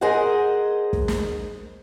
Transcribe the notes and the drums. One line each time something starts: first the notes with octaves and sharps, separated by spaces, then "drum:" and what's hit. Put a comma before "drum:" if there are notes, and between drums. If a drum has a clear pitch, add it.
G#4 A#4 C5 D#5 F#5
drum: kick
drum: snare